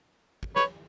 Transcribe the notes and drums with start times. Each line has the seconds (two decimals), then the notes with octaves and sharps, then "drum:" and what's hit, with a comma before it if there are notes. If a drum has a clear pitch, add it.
0.43 drum: kick
0.56 B4 C#5, drum: snare